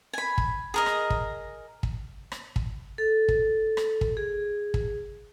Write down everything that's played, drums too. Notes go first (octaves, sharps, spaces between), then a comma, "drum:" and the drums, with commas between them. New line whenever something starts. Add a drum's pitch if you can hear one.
G#5 B5
drum: kick
G#4 A#4 D#5
drum: rim click
drum: kick
drum: kick
drum: rim click
drum: kick
A4
drum: kick
drum: rim click
drum: kick
G#4
drum: kick